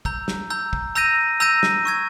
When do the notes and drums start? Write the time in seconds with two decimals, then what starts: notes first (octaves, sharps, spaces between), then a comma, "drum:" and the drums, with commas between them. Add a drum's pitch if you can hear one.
0.05 A#5 E6 G6, drum: kick
0.28 drum: snare
0.50 A#5 E6 G6
0.73 drum: kick
0.95 A#5 E6 G6 A#6 D#7
1.40 A#5 E6 G6 A#6 D#7
1.63 drum: snare
1.85 C#6 E6 G#6